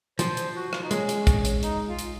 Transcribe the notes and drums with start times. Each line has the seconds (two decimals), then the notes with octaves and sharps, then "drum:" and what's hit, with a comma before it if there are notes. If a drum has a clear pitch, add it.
0.19 F3 C5, drum: hi-hat
0.37 C5, drum: hi-hat
0.55 F#4
0.73 F4, drum: rim click
0.83 D#4
0.91 G#3 C#4, drum: hi-hat
1.09 drum: hi-hat
1.27 drum: kick A#1, hi-hat
1.45 drum: hi-hat
1.63 D#4, drum: hi-hat
1.87 F4
1.99 drum: hi-hat